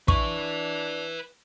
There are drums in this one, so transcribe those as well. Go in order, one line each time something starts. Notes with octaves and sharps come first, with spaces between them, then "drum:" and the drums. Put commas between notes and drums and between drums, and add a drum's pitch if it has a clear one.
D4 B4 E5 C#6, drum: kick